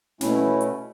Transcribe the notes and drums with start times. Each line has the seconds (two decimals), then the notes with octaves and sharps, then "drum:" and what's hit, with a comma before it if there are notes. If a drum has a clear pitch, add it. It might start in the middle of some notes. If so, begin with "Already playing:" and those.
0.21 B2 A3 C#4 E4, drum: snare
0.61 drum: hi-hat